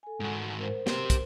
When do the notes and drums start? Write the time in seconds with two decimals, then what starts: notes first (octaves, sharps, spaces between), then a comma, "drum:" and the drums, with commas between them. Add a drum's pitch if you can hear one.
0.03 A4 G#5
0.20 G#2 F#4
0.36 G#3
0.59 A#4 C5
0.87 G4 C6, drum: snare
1.10 drum: kick, hi-hat